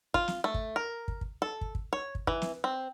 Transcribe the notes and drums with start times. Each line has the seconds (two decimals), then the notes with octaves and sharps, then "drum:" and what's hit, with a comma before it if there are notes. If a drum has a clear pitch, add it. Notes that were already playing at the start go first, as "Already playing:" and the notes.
0.14 F4, drum: kick
0.28 drum: snare
0.44 A3
0.54 drum: kick
0.76 A#4
1.08 drum: kick
1.21 drum: kick
1.42 A4
1.61 drum: kick
1.75 drum: kick
1.93 C#5
2.15 drum: kick
2.27 E3, drum: kick
2.42 drum: snare
2.64 C4